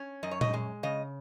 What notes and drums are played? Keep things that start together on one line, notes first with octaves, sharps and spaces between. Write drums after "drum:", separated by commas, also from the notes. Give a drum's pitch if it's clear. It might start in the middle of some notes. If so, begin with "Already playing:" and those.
Already playing: C#4
F#2 D#5
C#5
D#5, drum: tom A#2
G#3
C#3 D#5